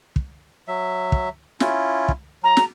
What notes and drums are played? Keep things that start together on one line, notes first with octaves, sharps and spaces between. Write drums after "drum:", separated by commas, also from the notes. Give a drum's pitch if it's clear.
drum: kick
F#3 E5
drum: kick
C#4 E4 F4, drum: snare
drum: kick
F#3 A#5
drum: snare